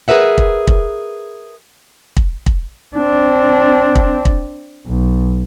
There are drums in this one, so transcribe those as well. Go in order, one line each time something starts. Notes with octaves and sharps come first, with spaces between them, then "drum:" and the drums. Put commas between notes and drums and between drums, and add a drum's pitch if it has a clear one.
G#4 A#4 B4 E5 F#5
drum: kick
drum: kick
drum: kick
drum: kick
C4 D4
drum: kick
drum: kick
B1